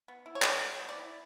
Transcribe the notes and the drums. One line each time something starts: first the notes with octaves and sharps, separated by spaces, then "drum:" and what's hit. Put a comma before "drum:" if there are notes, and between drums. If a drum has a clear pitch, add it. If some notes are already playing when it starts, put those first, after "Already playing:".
B3
E4
C#5
F#3 D5, drum: clap
C#5
F#3
B3
D5
E4